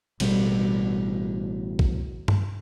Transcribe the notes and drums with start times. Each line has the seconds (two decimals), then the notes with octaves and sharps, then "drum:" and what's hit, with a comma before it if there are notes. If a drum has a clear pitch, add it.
0.20 A1 B2 G3, drum: cymbal
1.79 drum: kick
2.28 drum: tom G2